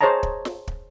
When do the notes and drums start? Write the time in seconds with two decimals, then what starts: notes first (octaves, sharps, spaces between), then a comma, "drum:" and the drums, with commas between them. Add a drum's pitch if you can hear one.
0.01 G#4 C5 C#5 D#5 A5 A#5
0.23 drum: kick
0.45 drum: snare
0.67 drum: kick